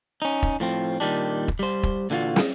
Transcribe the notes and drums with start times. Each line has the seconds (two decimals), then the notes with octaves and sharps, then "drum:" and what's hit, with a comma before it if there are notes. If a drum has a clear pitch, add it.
0.22 C#4 D#4
0.43 drum: kick E1
0.60 A2 F3 C4
1.00 A#2 D#3 G3 D4
1.48 drum: kick E1
1.59 G3 C5
1.83 drum: kick E1
2.10 A#2 D3 E3 F#3 F4 F#4
2.36 drum: snare